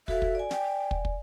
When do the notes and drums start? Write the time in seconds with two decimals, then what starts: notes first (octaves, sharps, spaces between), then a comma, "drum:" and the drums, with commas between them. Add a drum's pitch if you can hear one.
0.08 F#4 A4 E5 F5, drum: kick
0.22 drum: kick
0.35 D5 G#5
0.51 G5, drum: snare
0.91 drum: kick
1.05 drum: kick